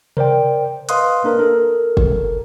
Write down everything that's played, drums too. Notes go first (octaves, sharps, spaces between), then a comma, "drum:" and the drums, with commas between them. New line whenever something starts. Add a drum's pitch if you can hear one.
A#4 C5 D5 G5, drum: tom C3
B4 D#5 F5 C6 D#6 F#6, drum: hi-hat
A#3 D4 A#4
A4 A#4
drum: kick